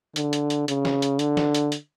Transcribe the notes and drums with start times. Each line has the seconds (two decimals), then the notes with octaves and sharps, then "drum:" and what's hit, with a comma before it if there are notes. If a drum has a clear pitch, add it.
0.16 D3, drum: hi-hat
0.33 drum: hi-hat
0.50 drum: hi-hat
0.68 C#3, drum: hi-hat
0.85 drum: snare
1.02 drum: hi-hat
1.19 D3, drum: hi-hat
1.37 drum: snare
1.54 drum: hi-hat
1.72 drum: hi-hat